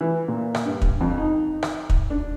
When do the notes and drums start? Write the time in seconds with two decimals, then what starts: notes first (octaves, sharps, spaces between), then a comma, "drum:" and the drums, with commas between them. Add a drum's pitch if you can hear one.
0.01 E3
0.28 A#2
0.55 drum: rim click
0.65 G2
0.82 drum: kick
1.01 F2
1.18 D#4
1.63 drum: rim click
1.90 drum: kick
2.10 D4